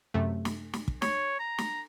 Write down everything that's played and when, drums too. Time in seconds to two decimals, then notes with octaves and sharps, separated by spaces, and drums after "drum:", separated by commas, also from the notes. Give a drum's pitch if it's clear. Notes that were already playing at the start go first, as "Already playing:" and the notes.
0.14 F#2 C3 A3
0.45 drum: snare
0.73 drum: snare
0.88 drum: kick
1.02 C#5, drum: snare
1.39 A#5
1.58 drum: snare